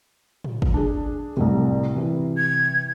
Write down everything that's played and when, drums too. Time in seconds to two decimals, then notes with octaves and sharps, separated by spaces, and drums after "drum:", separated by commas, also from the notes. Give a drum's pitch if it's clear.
0.44 drum: tom
0.62 drum: kick
0.74 D4 G#4
1.37 C2 A2 C3
1.96 C3 E3
2.37 G#6